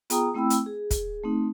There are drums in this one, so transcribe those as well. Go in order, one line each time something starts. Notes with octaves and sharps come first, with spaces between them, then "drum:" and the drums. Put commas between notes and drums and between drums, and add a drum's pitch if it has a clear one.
B3 F4 G#4 G5 A#5 D#6, drum: hi-hat
A3 C4 E4 G5 B5 E6
drum: hi-hat
G#4
drum: kick, hi-hat
A3 C4 D#4